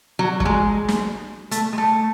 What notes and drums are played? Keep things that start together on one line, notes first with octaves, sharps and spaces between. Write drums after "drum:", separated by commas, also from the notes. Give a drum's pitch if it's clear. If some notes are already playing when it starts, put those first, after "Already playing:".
F#3
F#3, drum: kick
G#3
drum: snare
A3, drum: hi-hat
G#3
A3